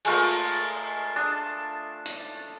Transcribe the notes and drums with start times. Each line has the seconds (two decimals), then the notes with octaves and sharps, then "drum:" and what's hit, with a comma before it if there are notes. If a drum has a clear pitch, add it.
0.05 G#3 A3 F4 A#4, drum: cymbal
1.16 D4 A5 D#6
2.06 drum: hi-hat